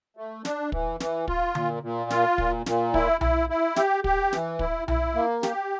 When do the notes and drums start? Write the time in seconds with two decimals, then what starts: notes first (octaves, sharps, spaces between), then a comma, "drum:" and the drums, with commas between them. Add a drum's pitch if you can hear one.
0.17 A3
0.45 D4, drum: snare
0.72 E3, drum: kick
1.00 E3, drum: snare
1.28 F4, drum: kick
1.55 A#2, drum: tom D3
1.83 A#2
2.10 F4, drum: snare
2.38 A#2, drum: kick
2.66 A#2, drum: snare
2.94 E4, drum: kick
3.21 E4, drum: tom B1
3.50 E4
3.76 G4, drum: snare
4.04 G4, drum: kick
4.33 E3, drum: snare
4.59 E4, drum: kick
4.88 E4, drum: tom B1
5.15 A#3
5.43 G4, drum: snare